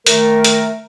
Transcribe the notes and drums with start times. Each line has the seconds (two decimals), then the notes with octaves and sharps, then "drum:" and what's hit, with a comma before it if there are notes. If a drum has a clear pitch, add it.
0.06 D#3 A3 A#4, drum: hi-hat
0.44 drum: hi-hat